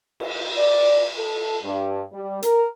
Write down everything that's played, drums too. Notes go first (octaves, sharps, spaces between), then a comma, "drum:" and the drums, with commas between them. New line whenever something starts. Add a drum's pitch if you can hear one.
drum: cymbal
D5
A4
G2
G3
A#4, drum: hi-hat